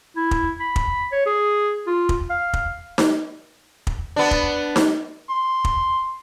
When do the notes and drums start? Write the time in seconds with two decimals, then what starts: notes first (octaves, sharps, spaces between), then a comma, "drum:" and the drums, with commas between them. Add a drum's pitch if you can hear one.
0.16 E4
0.31 drum: kick
0.60 B5
0.76 drum: kick
1.12 C#5
1.26 G#4
1.87 F4
2.09 drum: kick
2.30 F5
2.53 drum: kick
2.98 drum: snare D#4
3.87 drum: kick
4.16 B3 D4
4.31 drum: kick
4.76 drum: snare D#4
5.30 C6
5.65 drum: kick